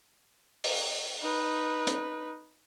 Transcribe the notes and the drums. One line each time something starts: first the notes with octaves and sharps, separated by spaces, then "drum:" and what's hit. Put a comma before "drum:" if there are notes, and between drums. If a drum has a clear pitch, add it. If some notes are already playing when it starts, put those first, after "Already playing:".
drum: open hi-hat
D#4 B4
drum: hi-hat